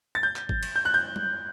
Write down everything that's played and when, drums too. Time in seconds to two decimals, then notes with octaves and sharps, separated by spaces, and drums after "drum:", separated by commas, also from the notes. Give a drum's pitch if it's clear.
0.15 A6
0.23 G6
0.36 drum: clap
0.49 drum: kick G#1
0.63 drum: cymbal
0.76 G6
0.85 F#6
0.94 G6
1.16 drum: tom G3